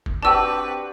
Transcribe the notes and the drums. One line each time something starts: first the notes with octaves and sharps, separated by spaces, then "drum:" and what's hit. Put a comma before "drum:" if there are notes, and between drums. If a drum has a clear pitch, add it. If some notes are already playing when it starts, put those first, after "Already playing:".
drum: kick F#1
C4 D4 F#4 G4 B4 A5 E6